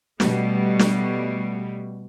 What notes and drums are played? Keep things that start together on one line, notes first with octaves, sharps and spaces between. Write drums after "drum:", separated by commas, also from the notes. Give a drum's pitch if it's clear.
B2 G3 A3, drum: snare
drum: snare